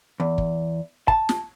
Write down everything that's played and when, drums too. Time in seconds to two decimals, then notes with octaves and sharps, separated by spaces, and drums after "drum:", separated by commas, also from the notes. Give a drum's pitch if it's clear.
0.20 E2
0.38 drum: kick
1.08 A5, drum: kick
1.29 drum: snare